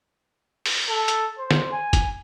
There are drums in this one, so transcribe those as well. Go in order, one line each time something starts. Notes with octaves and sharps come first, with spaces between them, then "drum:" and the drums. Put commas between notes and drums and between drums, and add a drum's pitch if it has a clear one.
drum: open hi-hat
A4
drum: hi-hat
C5
drum: snare
G#5
drum: kick, hi-hat